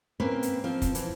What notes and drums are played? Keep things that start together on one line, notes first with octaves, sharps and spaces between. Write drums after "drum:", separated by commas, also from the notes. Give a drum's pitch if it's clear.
A#3 C4 C#4 B4 C#5
drum: hi-hat
F3 C4
drum: kick, hi-hat
E3, drum: hi-hat